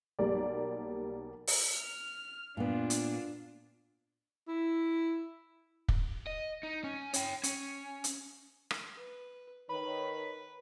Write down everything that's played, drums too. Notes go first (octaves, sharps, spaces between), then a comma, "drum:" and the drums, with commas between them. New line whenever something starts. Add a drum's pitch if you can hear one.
B1 G3 A#3 D5
drum: open hi-hat
F6
A#2 B3 D4 F4
drum: hi-hat
E4
drum: kick
D#5
D#4
C#4
C#5 G5, drum: hi-hat
C#4, drum: hi-hat
drum: hi-hat
drum: rim click
B4
D#3 B4 C#5 B5